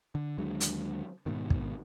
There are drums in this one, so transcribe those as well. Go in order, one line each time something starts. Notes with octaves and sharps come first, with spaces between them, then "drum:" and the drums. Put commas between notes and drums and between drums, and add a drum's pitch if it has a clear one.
D3
D#2 D3 F#3 G#3
drum: hi-hat
G#2 B2 D#3
drum: kick